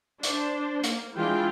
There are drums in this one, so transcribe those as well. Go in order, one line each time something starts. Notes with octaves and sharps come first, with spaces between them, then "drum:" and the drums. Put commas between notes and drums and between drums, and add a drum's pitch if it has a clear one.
D4 C5, drum: hi-hat
A#3, drum: hi-hat
E3 G#3 D4 E4 F4 G5